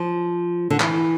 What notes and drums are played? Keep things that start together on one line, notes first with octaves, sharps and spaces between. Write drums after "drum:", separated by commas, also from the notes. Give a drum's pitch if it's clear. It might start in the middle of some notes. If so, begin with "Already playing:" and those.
Already playing: F3
D3
E3, drum: clap